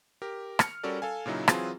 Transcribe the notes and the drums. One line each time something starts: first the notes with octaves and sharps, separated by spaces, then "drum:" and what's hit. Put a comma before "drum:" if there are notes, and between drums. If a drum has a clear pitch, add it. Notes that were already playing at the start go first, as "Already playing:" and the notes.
G4 A#4
F6 C#7, drum: rim click
G3 C#4 F#4 A4 A#4 D5
A4 F5 G#5
A#2 C#3 F#3 D#4 E4
E3 F#3 C4 F4 G#4, drum: rim click